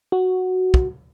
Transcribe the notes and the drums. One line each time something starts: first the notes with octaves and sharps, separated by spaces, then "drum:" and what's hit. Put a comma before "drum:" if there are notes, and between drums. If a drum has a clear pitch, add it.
F#4
drum: kick